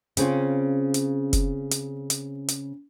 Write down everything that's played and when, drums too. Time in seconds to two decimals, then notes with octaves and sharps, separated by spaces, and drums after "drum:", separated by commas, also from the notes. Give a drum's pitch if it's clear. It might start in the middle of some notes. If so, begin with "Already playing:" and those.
0.17 C#3 C4 C#4 F4, drum: hi-hat
0.94 drum: hi-hat
1.33 drum: kick F1, hi-hat
1.71 drum: hi-hat
2.10 drum: hi-hat
2.48 drum: hi-hat